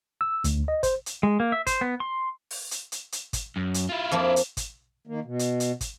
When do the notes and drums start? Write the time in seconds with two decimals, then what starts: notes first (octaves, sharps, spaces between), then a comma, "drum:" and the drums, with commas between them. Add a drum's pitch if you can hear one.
0.21 E6
0.44 D2, drum: hi-hat
0.68 D#5
0.83 C5, drum: kick, hi-hat
1.06 drum: hi-hat
1.23 G#3
1.40 A#3
1.52 E5
1.67 C5, drum: kick, hi-hat
1.81 B3
2.00 C6
2.51 drum: open hi-hat
2.71 drum: hi-hat
2.92 drum: hi-hat
3.12 drum: hi-hat
3.33 drum: kick, hi-hat
3.57 F#2
3.74 drum: hi-hat
3.89 E4 F4
4.12 F2 F3 A#3
4.36 drum: hi-hat
4.57 drum: kick, hi-hat
5.07 D#3 A#3
5.25 B2
5.39 drum: hi-hat
5.60 drum: hi-hat
5.81 drum: kick, hi-hat